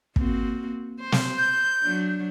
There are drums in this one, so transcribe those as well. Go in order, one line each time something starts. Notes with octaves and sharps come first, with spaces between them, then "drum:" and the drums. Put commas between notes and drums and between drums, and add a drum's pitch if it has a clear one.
A#3 C4 F#4, drum: kick
C5
drum: snare
G6
F#3 D4